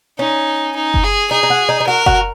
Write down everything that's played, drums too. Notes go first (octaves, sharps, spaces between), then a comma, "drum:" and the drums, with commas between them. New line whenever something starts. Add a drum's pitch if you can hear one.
C#4 D#4
D#4
drum: kick F#1
G#4
D#4 G#4
D#4
F#4
D#4
D#4
F#4 A#4
F#4, drum: kick F#1